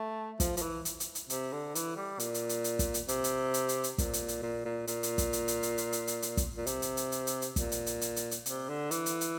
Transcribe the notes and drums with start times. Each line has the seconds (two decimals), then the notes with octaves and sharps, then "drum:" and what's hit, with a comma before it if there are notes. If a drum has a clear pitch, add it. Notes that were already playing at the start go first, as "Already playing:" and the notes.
Already playing: A3
0.40 F3, drum: kick, hi-hat
0.57 F3, drum: hi-hat
0.62 E3
0.85 drum: hi-hat
1.00 drum: hi-hat
1.15 drum: hi-hat
1.30 C3, drum: hi-hat
1.53 D3
1.75 E3, drum: hi-hat
1.96 G3
2.20 A#2, drum: hi-hat
2.34 drum: hi-hat
2.49 drum: hi-hat
2.64 drum: hi-hat
2.79 drum: kick, hi-hat
2.94 drum: hi-hat
3.08 C3, drum: hi-hat
3.24 drum: hi-hat
3.54 drum: hi-hat
3.69 drum: hi-hat
3.84 drum: hi-hat
3.98 A#2, drum: kick, hi-hat
4.13 drum: hi-hat
4.28 drum: hi-hat
4.43 A#2
4.65 A#2
4.87 A#2, drum: hi-hat
5.03 drum: hi-hat
5.18 drum: kick, hi-hat
5.33 drum: hi-hat
5.48 drum: hi-hat
5.63 drum: hi-hat
5.78 drum: hi-hat
5.93 drum: hi-hat
6.07 drum: hi-hat
6.22 drum: hi-hat
6.37 drum: kick, hi-hat
6.57 A#2
6.67 C3, drum: hi-hat
6.82 drum: hi-hat
6.97 drum: hi-hat
7.12 drum: hi-hat
7.27 drum: hi-hat
7.42 drum: hi-hat
7.56 A#2, drum: kick, hi-hat
7.72 drum: hi-hat
7.87 drum: hi-hat
8.01 drum: hi-hat
8.16 drum: hi-hat
8.31 drum: hi-hat
8.46 C3, drum: hi-hat
8.69 D3
8.91 E3, drum: hi-hat
9.06 drum: hi-hat
9.21 drum: hi-hat